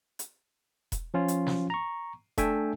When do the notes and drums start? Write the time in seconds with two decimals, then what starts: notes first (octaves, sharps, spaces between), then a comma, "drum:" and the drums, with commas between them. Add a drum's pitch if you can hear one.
0.19 drum: hi-hat
0.92 drum: kick E1, hi-hat
1.14 F3 C#4 F4
1.28 drum: hi-hat
1.47 drum: snare
1.70 A#5 C#6
2.38 A3 D4 A4 E5 G5 G#5, drum: kick E1, hi-hat